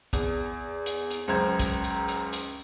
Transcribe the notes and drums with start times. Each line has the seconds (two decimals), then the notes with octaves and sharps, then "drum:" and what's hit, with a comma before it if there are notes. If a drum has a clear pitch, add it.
0.13 E2, drum: kick, hi-hat
0.86 drum: hi-hat
1.11 drum: hi-hat
1.28 C#2 F#2 C5 A#5 G#6
1.59 drum: kick, hi-hat
1.84 drum: hi-hat
2.08 drum: hi-hat
2.33 drum: hi-hat